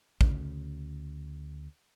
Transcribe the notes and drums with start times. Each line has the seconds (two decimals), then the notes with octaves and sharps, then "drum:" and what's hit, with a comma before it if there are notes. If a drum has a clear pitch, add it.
0.21 D2 C#3, drum: kick